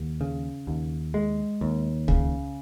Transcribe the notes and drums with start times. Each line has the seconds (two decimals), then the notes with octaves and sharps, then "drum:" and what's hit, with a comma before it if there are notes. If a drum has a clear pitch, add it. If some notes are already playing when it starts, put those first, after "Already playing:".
Already playing: D#2
0.21 C#3
0.67 D#2
1.14 G#3
1.61 D#2
2.08 C#3, drum: kick C#2